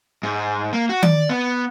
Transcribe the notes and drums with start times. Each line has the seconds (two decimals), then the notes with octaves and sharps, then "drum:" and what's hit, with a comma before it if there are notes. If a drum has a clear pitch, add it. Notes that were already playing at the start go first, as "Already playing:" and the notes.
0.23 G#2
0.73 A#3
0.89 F#4
1.03 D5, drum: tom D#3
1.29 B3